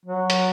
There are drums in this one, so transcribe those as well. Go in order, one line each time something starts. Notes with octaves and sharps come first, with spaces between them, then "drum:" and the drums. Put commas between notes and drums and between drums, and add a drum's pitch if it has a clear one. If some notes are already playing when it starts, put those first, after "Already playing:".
F#3
drum: hi-hat